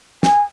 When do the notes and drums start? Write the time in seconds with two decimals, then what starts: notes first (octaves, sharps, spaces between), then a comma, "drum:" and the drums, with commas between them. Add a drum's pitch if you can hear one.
0.23 G#5, drum: snare